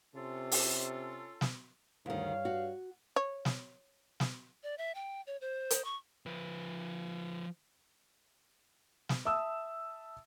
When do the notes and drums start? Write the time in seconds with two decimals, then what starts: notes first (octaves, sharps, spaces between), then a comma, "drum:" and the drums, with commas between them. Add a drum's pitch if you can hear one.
0.15 C3 C#4 F4 A4
0.52 drum: open hi-hat
1.41 drum: snare
2.06 D2 G2 D#3 C#5 F5
2.45 F#4
3.16 C#5
3.45 drum: snare
4.20 drum: snare
4.63 D5
4.78 E5
4.95 G5
5.27 C#5
5.41 C5
5.70 drum: hi-hat
5.84 C#6
6.26 F3 B4
9.09 drum: snare
9.25 E5 A5 D#6 E6